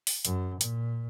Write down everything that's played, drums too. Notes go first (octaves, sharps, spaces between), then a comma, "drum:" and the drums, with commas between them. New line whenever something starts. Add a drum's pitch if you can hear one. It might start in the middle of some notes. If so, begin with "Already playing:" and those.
drum: open hi-hat
F#2, drum: hi-hat
A#2, drum: hi-hat